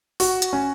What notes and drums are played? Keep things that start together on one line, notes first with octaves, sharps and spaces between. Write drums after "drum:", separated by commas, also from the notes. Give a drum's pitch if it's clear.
F#4, drum: open hi-hat
drum: hi-hat
C#4